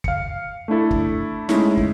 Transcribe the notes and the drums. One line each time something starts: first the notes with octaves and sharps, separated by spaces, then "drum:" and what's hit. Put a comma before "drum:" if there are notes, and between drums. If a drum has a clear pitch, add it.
F5 C#7, drum: kick
A3 D4 E4 A4
drum: kick
G#3 A3 C#4 D#4 E4, drum: snare
drum: kick